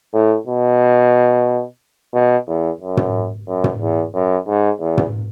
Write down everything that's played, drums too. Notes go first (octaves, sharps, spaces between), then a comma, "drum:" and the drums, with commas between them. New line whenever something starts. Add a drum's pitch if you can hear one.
A2
B2
B2
E2
F#2
drum: tom
F#2
drum: tom
E2
F#2
G#2
E2
drum: tom